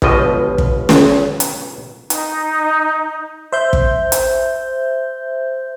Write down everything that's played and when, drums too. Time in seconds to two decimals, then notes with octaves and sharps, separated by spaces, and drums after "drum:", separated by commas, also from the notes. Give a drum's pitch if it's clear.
0.02 G1 C#2 B2 F3 D#5, drum: kick
0.58 drum: kick
0.89 drum: snare
1.40 drum: hi-hat
2.10 D#4, drum: hi-hat
3.52 C5 E5 G6
3.73 drum: kick
4.12 drum: hi-hat